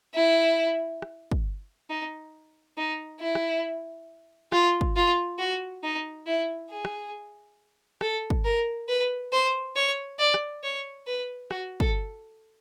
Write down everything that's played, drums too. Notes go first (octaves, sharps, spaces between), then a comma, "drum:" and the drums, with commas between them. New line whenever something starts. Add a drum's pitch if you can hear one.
E4
drum: rim click
drum: kick
D#4
D#4
E4
drum: rim click
F4, drum: rim click
drum: kick
F4
F#4
D#4
E4
G#4
drum: rim click
A4, drum: rim click
drum: kick
A#4
B4
C5
C#5
D5
drum: rim click
C#5
B4
F#4, drum: rim click
A4, drum: kick